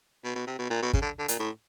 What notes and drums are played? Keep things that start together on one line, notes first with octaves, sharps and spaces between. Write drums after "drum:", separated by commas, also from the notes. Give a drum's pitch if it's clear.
B2
B2
C3
B2
A#2
B2
C#3, drum: kick
D3
D3
A#2, drum: hi-hat
A2